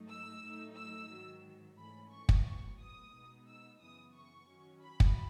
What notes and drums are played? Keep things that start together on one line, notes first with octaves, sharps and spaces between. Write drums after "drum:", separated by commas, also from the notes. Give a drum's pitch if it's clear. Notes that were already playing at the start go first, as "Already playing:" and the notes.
Already playing: G#2 F#3 A3 D#4
E6
A2 F#3 A3 D#4
E6
G#2 D#3 F#3
G#2 E3 A3 C#4 B5
C#6
drum: kick
A2 F#3 B3 C#6
D#6
B2 G#3 B3 D#4
E6
F#2 C#3 E3 B3 D#6
C#6
D#3 F#3 C#4
B5
drum: kick